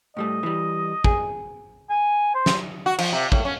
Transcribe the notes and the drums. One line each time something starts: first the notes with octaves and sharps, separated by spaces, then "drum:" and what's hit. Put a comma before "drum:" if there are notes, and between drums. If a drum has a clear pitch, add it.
A2 G3 A3 D#5
E3 G3
G#4, drum: kick A1
G#5
C5
drum: snare
F#4
F3, drum: cymbal
C3
A2, drum: kick A1
C#4